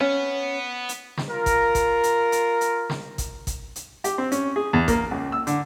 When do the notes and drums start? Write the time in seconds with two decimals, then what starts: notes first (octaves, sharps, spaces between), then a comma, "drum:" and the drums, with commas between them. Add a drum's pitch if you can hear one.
0.01 B3 C#4
0.89 drum: hi-hat
1.17 drum: snare
1.30 F4 A#4
1.46 drum: kick G#1, hi-hat
1.75 drum: kick G#1, hi-hat
2.03 drum: hi-hat
2.32 drum: hi-hat
2.61 drum: hi-hat
2.90 drum: snare
3.18 drum: kick G#1, hi-hat
3.47 drum: kick G#1, hi-hat
3.76 drum: hi-hat
4.04 G4, drum: hi-hat
4.18 C4
4.32 C#4, drum: hi-hat
4.56 G#4
4.73 E2
4.88 A#3, drum: kick G#1, hi-hat
5.11 C#2
5.32 E6
5.47 D3, drum: hi-hat